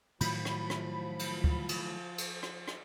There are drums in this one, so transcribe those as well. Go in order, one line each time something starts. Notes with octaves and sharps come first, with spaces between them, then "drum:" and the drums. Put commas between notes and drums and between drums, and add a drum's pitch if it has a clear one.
A2 D#3 F3 F#3 B5, drum: cymbal
drum: rim click
drum: rim click
drum: cymbal
drum: kick
drum: cymbal
drum: cymbal
drum: rim click
drum: rim click